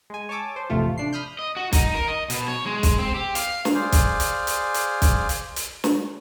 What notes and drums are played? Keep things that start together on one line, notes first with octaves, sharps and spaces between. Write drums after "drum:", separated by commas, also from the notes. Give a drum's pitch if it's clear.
G#3 G#5
C#5 G#5 A5 D6 E6
C5
A1 F2 C3 A3 F4
D4 C7
B5 D#6 F6 G6
D#5
F#4
D#4, drum: kick B1, hi-hat
A#4
D#5
B2, drum: hi-hat
C#5
G#3
drum: kick B1, hi-hat
C4
G4
F5, drum: hi-hat
drum: snare
G#4 C5 D5 F5
drum: kick B1, hi-hat
drum: hi-hat
drum: hi-hat
drum: hi-hat
drum: kick B1, hi-hat
drum: hi-hat
drum: hi-hat
drum: snare